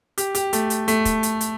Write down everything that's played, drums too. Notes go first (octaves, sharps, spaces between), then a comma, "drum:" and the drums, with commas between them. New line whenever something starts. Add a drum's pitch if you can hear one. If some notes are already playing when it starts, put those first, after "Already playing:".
G4, drum: hi-hat
G4, drum: hi-hat
A3, drum: hi-hat
drum: hi-hat
A3, drum: hi-hat
drum: kick, hi-hat
drum: hi-hat
drum: hi-hat